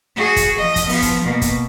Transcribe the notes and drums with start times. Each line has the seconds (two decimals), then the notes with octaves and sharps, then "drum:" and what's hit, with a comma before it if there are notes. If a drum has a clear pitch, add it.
0.16 F#4 G#4
0.36 drum: kick, hi-hat
0.58 F3 D#5
0.76 drum: kick, hi-hat
0.89 F3 B3, drum: open hi-hat
1.02 drum: kick, hi-hat
1.24 B2 A#3
1.41 drum: kick, hi-hat